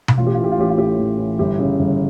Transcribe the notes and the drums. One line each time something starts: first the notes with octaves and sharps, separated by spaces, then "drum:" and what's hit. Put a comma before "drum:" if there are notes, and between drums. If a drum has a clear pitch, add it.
drum: tom B2
A1 F4
G4
E3 F4
G4
F4
A1 G4
F4
A2 G4
F4
A1
E3
G1 G4
C#3
G1